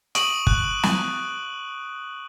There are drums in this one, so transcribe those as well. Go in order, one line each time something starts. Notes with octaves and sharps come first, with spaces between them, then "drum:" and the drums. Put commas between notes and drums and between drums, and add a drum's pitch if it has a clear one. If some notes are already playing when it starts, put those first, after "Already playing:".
C#6 D#6 D7 D#7 F#7, drum: hi-hat
F#6, drum: kick G1
drum: snare